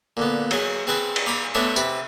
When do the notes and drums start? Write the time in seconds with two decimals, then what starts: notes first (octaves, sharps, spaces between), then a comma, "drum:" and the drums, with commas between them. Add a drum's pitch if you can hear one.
0.17 A#2 D3 B3
0.51 F#3 G#4, drum: cymbal
0.87 C4 G#4 B4 C5 G#5
1.16 drum: cymbal
1.26 D5 A#5 B5 D#6
1.54 A3 B3 D4 C5 C#5 E5
1.76 C3 B4 B5, drum: tambourine